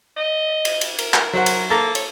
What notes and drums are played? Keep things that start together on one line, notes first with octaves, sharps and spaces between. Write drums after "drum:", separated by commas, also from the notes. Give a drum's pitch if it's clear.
D#5
drum: cymbal
drum: cymbal
A#4, drum: cymbal
drum: clap
F#3 C5 F#5
drum: cymbal
A#3 A4 A#5
C#5, drum: cymbal